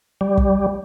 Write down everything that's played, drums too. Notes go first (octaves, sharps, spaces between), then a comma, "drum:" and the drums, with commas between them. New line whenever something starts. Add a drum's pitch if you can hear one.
G3
drum: kick